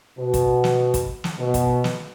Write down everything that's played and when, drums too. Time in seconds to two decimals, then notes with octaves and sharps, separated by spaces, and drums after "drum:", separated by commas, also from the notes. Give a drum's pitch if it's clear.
0.18 B2
0.34 drum: kick, hi-hat
0.64 drum: snare
0.94 drum: kick, hi-hat
1.24 drum: snare
1.39 B2
1.54 drum: kick, hi-hat
1.84 drum: snare